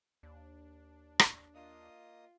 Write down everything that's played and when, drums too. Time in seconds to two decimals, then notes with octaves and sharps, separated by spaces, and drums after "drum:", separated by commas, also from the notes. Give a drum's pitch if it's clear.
0.23 D#2 D4
1.19 drum: rim click
1.54 A#3 F4 D#5 D#6